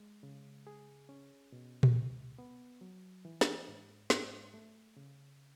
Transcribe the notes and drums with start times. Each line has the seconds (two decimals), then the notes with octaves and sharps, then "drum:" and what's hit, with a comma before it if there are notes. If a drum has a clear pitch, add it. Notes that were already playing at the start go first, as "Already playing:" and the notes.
Already playing: G#3
0.23 C#3
0.67 G#4
1.09 C#4
1.52 B2
1.83 drum: tom A#2
1.95 C#2
2.38 B3
2.81 F#3
3.25 E3
3.41 drum: snare
3.68 G#2
4.10 G#2, drum: snare
4.54 A3
4.97 C#3